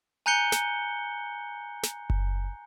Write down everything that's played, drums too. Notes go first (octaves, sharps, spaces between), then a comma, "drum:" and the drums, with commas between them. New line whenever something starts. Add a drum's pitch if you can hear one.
G#5 A#5 F#6 G6 C#7 G7
drum: snare
drum: snare
drum: kick F#1